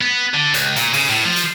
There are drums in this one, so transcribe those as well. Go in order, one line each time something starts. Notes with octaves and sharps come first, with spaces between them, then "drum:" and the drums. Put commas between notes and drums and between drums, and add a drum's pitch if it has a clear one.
B3
D3
C#2, drum: hi-hat
A#2, drum: hi-hat
C#3, drum: open hi-hat
A2
F3
drum: hi-hat